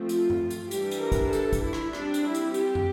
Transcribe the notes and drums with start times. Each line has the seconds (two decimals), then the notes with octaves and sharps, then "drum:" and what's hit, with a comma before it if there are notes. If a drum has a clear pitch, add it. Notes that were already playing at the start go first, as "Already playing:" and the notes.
Already playing: F3 A3 C4
0.09 F4, drum: hi-hat
0.30 drum: tom G2
0.50 drum: hi-hat
0.71 E3 G3 D4 G4, drum: hi-hat
0.91 drum: hi-hat
1.01 A#4
1.12 drum: kick, hi-hat
1.33 A4, drum: hi-hat
1.53 drum: kick, hi-hat
1.63 E4
1.73 drum: rim click
1.93 G3 C4 D4, drum: rim click
2.14 drum: hi-hat
2.24 E4
2.34 drum: hi-hat
2.54 G4, drum: hi-hat
2.75 drum: tom